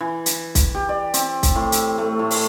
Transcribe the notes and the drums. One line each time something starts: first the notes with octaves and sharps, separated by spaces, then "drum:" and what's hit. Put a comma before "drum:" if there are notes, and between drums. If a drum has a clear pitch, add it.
E3
drum: hi-hat
drum: kick B1, hi-hat
G4
D5
C4, drum: hi-hat
drum: kick B1, hi-hat
A2
drum: hi-hat
A3
A2
drum: open hi-hat